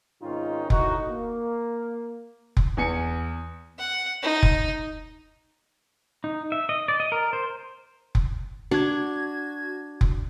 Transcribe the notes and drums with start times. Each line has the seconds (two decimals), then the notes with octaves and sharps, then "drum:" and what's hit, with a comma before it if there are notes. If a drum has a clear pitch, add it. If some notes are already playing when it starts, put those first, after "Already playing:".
0.22 G#2 C3 D#3 C#4 D#4 F4
0.70 A2 D#4 F#4, drum: kick F1
1.09 A#3
2.57 drum: kick F1
2.77 E2 G#5 C#7
3.79 F#5
4.23 D#4
4.43 drum: kick F1
6.24 D#4
6.52 E5
6.69 D#5
6.88 D5
7.00 D#5
7.12 A#4
7.33 C5
8.15 drum: kick F1
8.71 D4 F#4 G#6
10.01 drum: kick F1